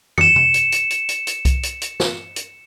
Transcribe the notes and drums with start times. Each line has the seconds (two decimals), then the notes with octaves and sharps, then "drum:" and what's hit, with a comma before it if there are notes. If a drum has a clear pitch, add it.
0.18 C#7 E7, drum: tom
0.36 drum: tom
0.54 drum: hi-hat
0.72 drum: hi-hat
0.90 drum: hi-hat
1.09 drum: hi-hat
1.27 drum: hi-hat
1.45 drum: kick C2, hi-hat
1.63 drum: hi-hat
1.82 drum: hi-hat
2.00 drum: snare
2.36 drum: hi-hat